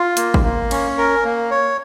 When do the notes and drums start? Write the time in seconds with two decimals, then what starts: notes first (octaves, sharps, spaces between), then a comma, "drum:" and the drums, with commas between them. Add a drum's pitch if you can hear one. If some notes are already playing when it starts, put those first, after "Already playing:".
Already playing: F4
0.17 A#3, drum: hi-hat
0.34 drum: kick
0.43 A#3
0.71 C#4, drum: cymbal
0.98 A#4
1.24 A#3
1.51 C#5